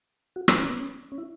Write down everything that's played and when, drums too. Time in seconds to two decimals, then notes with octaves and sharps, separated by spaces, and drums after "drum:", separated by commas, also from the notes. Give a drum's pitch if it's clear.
0.36 F#4
0.48 E4, drum: rim click
0.59 C#4
0.69 B3
0.78 C#4
1.12 C#4
1.18 E4